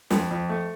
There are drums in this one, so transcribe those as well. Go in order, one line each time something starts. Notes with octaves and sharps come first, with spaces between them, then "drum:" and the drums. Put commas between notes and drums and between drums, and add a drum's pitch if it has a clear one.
F2, drum: snare
F2
A3